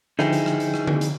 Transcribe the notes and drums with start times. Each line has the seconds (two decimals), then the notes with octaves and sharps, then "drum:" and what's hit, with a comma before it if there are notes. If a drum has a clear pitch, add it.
0.19 D3 F3 D#4 E4 G#4 G5, drum: rim click
0.33 drum: hi-hat
0.46 drum: rim click
0.60 drum: hi-hat
0.74 drum: rim click
0.87 drum: tom D3
1.01 drum: hi-hat